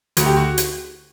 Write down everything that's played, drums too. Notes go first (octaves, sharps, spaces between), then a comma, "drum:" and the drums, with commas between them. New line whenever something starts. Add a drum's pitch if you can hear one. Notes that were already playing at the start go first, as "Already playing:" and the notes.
D2 F#4, drum: hi-hat
G4
F#4
drum: hi-hat